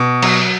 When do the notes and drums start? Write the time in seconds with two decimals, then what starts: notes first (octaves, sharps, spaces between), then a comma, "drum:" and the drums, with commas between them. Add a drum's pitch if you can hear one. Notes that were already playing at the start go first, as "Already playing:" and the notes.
Already playing: B2
0.23 F#3, drum: cymbal